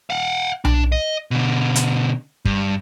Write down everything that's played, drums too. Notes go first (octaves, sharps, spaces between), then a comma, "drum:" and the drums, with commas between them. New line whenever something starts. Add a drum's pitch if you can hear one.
F5 F#5
D4, drum: tom B1
D#5
B2 D3
drum: hi-hat
G2, drum: kick